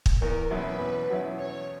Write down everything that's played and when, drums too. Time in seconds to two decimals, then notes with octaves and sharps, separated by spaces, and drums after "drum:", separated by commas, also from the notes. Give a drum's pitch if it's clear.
0.06 drum: kick
0.22 E2 A#4
0.51 B2 F#3 C#4 E4 B4
0.79 E2
1.09 B2 F#3 C#4 E4
1.38 E2 C#5